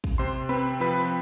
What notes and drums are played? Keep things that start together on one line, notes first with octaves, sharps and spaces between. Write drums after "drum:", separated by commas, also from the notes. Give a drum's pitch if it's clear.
drum: kick
C3 C5 C6
C4 B4 B5
F3 B4 B5